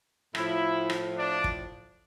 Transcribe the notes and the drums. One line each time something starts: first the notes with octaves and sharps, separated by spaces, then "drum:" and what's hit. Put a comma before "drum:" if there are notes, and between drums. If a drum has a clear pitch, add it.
A2 F3 E4, drum: rim click
drum: rim click
D4
drum: kick